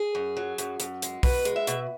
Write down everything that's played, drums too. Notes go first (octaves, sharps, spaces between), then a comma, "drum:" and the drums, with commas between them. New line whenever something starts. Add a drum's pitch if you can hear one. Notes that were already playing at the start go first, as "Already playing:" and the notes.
Already playing: G#4
F#2
F#3
F#2, drum: hi-hat
F#2, drum: hi-hat
G#3, drum: hi-hat
B2 B4, drum: kick, open hi-hat
G#3, drum: hi-hat
E5
B2, drum: hi-hat